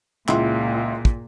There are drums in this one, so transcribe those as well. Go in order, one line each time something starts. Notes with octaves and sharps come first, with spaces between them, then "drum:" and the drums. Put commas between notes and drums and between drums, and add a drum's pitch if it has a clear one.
C#2 A#2 E4 C6, drum: clap
drum: kick